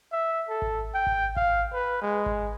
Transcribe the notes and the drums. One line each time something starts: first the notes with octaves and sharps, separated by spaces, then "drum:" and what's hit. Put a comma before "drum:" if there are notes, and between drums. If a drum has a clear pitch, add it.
E5
A4
drum: kick G#1
G5
drum: kick G#1
F5, drum: kick G#1
B4
G#3
drum: kick G#1